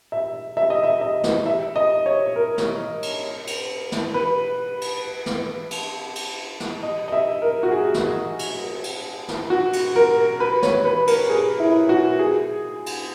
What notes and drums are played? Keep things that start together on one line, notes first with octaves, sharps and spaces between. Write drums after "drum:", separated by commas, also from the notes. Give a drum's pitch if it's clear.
E5
E5
D#5
E5
D#5
drum: snare
E5
D#5
C#5
A#4
drum: snare
drum: cymbal
drum: cymbal
drum: snare
B4
drum: cymbal
drum: snare
drum: cymbal
drum: cymbal
drum: snare
D#5
D#5
E5
A#4
F#4
G#4
drum: snare
drum: cymbal
drum: cymbal
drum: snare
F#4
drum: cymbal
A#4
B4
C#5, drum: snare
B4
A#4, drum: cymbal
G#4
E4
F#4
G#4
drum: cymbal